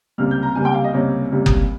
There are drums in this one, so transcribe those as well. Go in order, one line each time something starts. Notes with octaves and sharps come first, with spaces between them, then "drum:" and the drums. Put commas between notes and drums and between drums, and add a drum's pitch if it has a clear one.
C#2 C3 G3 A#3 F6
G6
A#5
C#2 C3 G3 A#3 G#5
G5
F5
D#5
C#2 C3 G3 A#3 C#5
C#2 C3 G3 A#3
drum: kick F#1